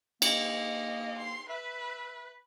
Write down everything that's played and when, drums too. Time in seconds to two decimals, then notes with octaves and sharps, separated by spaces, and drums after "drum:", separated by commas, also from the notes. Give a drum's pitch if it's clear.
0.22 A#3 D#5, drum: cymbal
1.18 C6
1.49 B4 E5